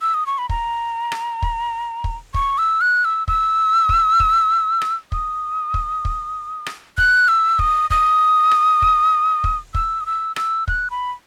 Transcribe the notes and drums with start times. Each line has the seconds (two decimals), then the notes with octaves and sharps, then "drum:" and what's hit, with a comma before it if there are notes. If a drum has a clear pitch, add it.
0.01 E6
0.14 D#6
0.26 C#6
0.38 B5
0.49 A#5, drum: kick
1.12 drum: rim click
1.42 drum: kick
2.04 drum: kick
2.34 C#6, drum: kick
2.58 E6
2.81 F#6
3.05 E6
3.28 E6, drum: kick
3.89 drum: kick
4.20 drum: kick
4.82 drum: rim click
5.12 D#6, drum: kick
5.74 drum: kick
6.05 drum: kick
6.66 drum: rim click
6.98 F#6, drum: kick
7.28 E6
7.59 D#6, drum: kick
7.90 D#6, drum: kick
8.51 drum: rim click
8.82 drum: kick
9.44 drum: kick
9.75 E6, drum: kick
10.01 D#6
10.06 E6
10.36 E6, drum: rim click
10.68 F#6, drum: kick
10.90 B5